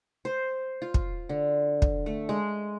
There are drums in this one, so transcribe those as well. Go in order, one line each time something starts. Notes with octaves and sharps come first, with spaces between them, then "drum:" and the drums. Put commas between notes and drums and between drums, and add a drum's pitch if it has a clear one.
C5
F4
drum: kick
D3
drum: kick
A3
G#3